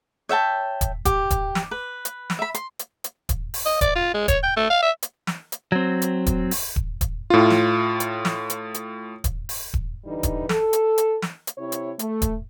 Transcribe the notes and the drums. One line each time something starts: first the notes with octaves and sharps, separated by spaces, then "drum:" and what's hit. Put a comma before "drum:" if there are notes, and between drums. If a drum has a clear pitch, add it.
C#5 E5 G5 A5
drum: kick D#1, hi-hat
G4, drum: kick D#1, hi-hat
drum: kick D#1, hi-hat
drum: snare
B4
drum: hi-hat
drum: snare
E5 B5
C6, drum: hi-hat
drum: hi-hat
drum: hi-hat
drum: kick D#1, hi-hat
drum: open hi-hat
D#5
D5, drum: kick D#1, hi-hat
F4
G#3
C#5, drum: kick D#1, hi-hat
G5
A3
F5
E5
drum: hi-hat
drum: snare
drum: hi-hat
F#3 C4
drum: hi-hat
drum: kick D#1, hi-hat
drum: open hi-hat
drum: kick D#1
drum: kick D#1, hi-hat
A2 F4
drum: snare
drum: hi-hat
drum: snare
drum: hi-hat
drum: hi-hat
drum: kick D#1, hi-hat
drum: open hi-hat
drum: kick D#1
D3 E3 G3 D#4
drum: kick D#1, hi-hat
A4, drum: snare
drum: hi-hat
drum: hi-hat
drum: snare
drum: hi-hat
C3 E4 C#5
drum: hi-hat
A3, drum: hi-hat
drum: kick D#1, hi-hat